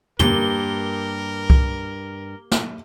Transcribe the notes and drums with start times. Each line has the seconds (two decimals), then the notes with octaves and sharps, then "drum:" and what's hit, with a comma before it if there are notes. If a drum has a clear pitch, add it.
0.19 G2 A#3 G4 A#4 G7, drum: tom
1.50 drum: kick C2
2.51 drum: snare